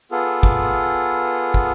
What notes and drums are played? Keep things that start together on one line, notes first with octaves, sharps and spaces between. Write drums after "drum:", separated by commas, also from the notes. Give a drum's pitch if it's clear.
B3 F4 G#4 A4
drum: kick
drum: kick